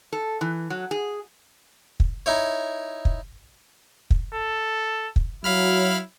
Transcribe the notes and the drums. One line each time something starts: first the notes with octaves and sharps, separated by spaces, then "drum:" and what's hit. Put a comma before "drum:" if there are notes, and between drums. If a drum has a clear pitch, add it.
A4
E3
F#3
G#4
drum: kick
D#4 E4 C#5
drum: kick
drum: kick
A4
drum: kick
F#3 E4 F5 B5 F6